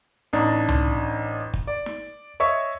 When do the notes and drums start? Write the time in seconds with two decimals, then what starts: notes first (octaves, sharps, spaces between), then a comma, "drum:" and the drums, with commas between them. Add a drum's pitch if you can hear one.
0.33 A1 D4 D#4
0.68 drum: tom C#2
1.54 drum: kick
1.67 D5
1.86 drum: snare
2.40 C#5 D#5 E5 C#6